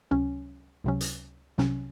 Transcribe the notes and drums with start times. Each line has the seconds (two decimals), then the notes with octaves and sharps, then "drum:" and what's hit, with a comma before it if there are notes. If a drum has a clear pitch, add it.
0.11 C#2 C3 F#3 C#4
0.84 C#2 C3 F#3 C#4
1.01 drum: hi-hat
1.58 C2 C3 F#3 C#4, drum: snare